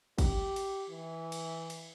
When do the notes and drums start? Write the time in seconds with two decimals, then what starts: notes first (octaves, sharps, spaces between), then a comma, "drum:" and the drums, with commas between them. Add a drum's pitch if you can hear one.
0.18 G4, drum: kick, cymbal
0.56 drum: cymbal
0.90 E3
1.32 drum: cymbal
1.70 drum: cymbal